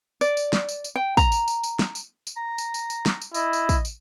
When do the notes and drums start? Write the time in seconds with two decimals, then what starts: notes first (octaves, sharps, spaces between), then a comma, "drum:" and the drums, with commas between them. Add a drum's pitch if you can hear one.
0.21 D5, drum: tambourine
0.37 drum: tambourine
0.53 drum: snare
0.69 drum: tambourine
0.84 drum: tambourine
0.96 G5
1.17 A#5, drum: kick, tambourine
1.32 drum: tambourine
1.48 drum: tambourine
1.63 drum: tambourine
1.79 drum: snare
1.95 drum: tambourine
2.27 drum: tambourine
2.37 A#5
2.58 drum: tambourine
2.74 drum: tambourine
2.90 drum: tambourine
3.06 drum: snare
3.22 drum: tambourine
3.34 E4 D#5, drum: tambourine
3.53 drum: tambourine
3.69 drum: kick, tambourine
3.85 drum: tambourine